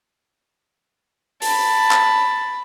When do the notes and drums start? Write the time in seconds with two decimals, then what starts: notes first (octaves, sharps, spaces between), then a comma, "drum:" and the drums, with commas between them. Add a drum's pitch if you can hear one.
1.42 A5 B5, drum: open hi-hat
1.91 drum: clap